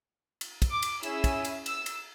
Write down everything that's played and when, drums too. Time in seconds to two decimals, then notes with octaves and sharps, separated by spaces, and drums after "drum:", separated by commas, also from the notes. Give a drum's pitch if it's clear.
0.41 drum: cymbal
0.62 drum: kick, cymbal
0.72 D6
0.82 drum: cymbal
1.03 C#4 E4 G#4 E6, drum: cymbal
1.24 drum: kick, cymbal
1.45 drum: cymbal
1.66 E6, drum: cymbal
1.86 drum: cymbal